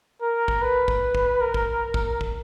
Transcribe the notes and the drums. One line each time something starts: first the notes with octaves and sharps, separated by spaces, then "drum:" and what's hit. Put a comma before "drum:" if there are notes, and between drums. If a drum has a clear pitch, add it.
A#4
drum: kick
B4
drum: kick
drum: kick
A#4
drum: kick
drum: kick
drum: kick